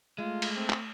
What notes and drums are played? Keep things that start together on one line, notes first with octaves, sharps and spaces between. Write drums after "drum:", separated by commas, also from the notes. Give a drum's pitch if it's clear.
G#3 A3 F4
drum: cymbal
C4
drum: clap